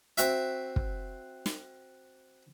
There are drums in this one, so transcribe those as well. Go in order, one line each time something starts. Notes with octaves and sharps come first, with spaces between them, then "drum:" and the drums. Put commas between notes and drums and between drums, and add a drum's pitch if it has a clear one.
C4 F#4 E5, drum: hi-hat
drum: kick
drum: snare